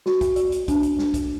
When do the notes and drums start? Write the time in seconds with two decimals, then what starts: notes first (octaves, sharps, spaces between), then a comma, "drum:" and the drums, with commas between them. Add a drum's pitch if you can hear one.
0.06 F#4, drum: snare
0.21 drum: kick B1, hi-hat
0.36 D5, drum: hi-hat
0.52 drum: hi-hat
0.68 D4, drum: kick B1, hi-hat
0.83 drum: hi-hat
0.98 drum: snare
1.14 drum: kick B1, hi-hat